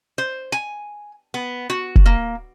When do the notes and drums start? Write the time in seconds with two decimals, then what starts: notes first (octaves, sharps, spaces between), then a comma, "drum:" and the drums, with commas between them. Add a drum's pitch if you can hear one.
0.18 C5
0.52 G#5
1.34 B3
1.70 F#4
1.96 drum: kick
2.06 A#3